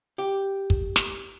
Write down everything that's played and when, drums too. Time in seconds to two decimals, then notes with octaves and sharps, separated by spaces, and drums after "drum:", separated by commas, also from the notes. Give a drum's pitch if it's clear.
0.18 G4
0.70 drum: kick
0.96 drum: snare